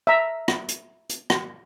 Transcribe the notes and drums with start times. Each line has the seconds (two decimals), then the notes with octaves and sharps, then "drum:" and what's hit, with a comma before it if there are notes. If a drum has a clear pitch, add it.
0.07 E5 A#5
0.48 drum: rim click
0.69 drum: hi-hat
1.09 drum: hi-hat
1.30 drum: rim click